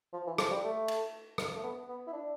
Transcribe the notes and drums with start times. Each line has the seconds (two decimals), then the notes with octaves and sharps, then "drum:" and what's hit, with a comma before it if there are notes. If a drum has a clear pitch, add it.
0.13 F3
0.26 E3
0.38 F3, drum: rim click
0.51 G3
0.64 A3
0.88 drum: cymbal
1.38 drum: rim click
1.55 A3
1.63 B3
1.88 B3
2.07 E4
2.13 D4